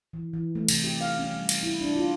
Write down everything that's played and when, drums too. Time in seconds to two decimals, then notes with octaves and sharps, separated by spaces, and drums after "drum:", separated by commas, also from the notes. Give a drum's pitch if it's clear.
0.13 E3
0.33 E3
0.55 A3
0.68 C3, drum: cymbal
0.84 G4
1.01 F5
1.19 C#4
1.33 G3
1.49 drum: cymbal
1.63 E4
1.81 D4
1.96 F4